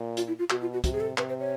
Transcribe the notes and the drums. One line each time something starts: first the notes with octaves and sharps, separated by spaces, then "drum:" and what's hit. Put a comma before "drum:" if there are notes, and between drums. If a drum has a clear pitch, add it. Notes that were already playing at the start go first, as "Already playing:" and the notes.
Already playing: A#2
F4, drum: hi-hat
E4
F4
B2 F#4, drum: clap
F4
F#4
C3 F#4, drum: kick, hi-hat
G#4
A4
C3 B4, drum: clap
C5
C#5